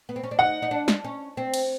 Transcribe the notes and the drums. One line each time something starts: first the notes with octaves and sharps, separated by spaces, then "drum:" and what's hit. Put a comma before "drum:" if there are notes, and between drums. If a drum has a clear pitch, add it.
B3
C4
C#4
D4
D#4 F#5
D#4
D4
drum: snare
C#4
C4
drum: cymbal